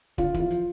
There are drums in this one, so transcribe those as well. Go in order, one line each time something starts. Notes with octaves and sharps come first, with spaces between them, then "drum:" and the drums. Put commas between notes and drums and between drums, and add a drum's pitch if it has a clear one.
D3 F4, drum: kick, hi-hat
E3, drum: kick, hi-hat
F4
F3, drum: hi-hat